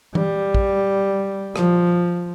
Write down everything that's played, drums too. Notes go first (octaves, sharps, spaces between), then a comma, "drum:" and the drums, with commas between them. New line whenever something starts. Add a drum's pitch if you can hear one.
G3, drum: tom E3
drum: kick
F3, drum: rim click